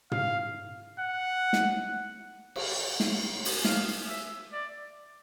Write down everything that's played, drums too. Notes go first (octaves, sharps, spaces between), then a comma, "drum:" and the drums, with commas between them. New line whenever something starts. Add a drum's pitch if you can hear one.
F5, drum: tom
F#5
drum: snare
drum: cymbal
drum: snare
drum: open hi-hat
F5, drum: snare
E5
D5